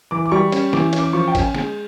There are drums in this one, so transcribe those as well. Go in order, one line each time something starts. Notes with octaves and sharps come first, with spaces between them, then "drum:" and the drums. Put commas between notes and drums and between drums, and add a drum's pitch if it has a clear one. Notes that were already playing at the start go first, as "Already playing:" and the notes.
E3 D6
D6
G3 C#6
C#4, drum: cymbal
E3 D6, drum: snare
C#4, drum: cymbal
D6
F3 C#6
G5
C#4, drum: kick G#1, cymbal
G#5
G#3 G#5, drum: snare